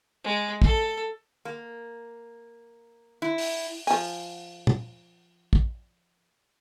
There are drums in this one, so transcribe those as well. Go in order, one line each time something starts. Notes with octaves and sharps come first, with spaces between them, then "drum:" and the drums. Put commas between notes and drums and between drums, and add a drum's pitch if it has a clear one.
G#3
A4, drum: kick
A#3
E4
drum: open hi-hat
F3 G#5, drum: open hi-hat
drum: tom A#2
drum: kick